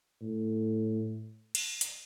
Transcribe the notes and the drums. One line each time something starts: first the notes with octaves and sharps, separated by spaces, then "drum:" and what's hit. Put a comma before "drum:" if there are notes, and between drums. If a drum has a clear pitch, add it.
A2
drum: cymbal
drum: hi-hat